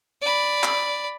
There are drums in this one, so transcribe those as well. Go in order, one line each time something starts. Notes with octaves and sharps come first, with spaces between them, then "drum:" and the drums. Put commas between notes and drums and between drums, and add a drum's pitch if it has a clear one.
D5 B5
drum: clap